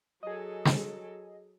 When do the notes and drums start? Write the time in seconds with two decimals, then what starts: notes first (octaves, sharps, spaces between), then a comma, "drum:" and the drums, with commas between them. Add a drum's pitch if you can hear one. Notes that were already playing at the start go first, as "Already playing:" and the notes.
0.23 F#3 G#4 A4 D#5
0.65 drum: snare